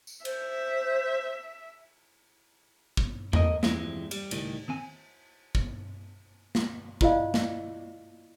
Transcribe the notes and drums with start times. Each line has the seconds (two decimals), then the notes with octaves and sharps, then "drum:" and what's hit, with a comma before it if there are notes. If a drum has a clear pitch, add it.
0.07 drum: tambourine
0.25 C5 E5, drum: cymbal
2.97 drum: kick
3.33 A#3 A#4 D#5, drum: tom E2
3.63 E3 F3 G3 G#3 C4 E4, drum: snare
4.11 G3, drum: cymbal
4.31 C#2 A2 D#3 G3, drum: cymbal
4.68 D#3 C4 G#5
5.55 drum: kick
6.55 drum: snare
7.01 E4 F4 C5 D5 D#5 F5, drum: kick
7.34 drum: snare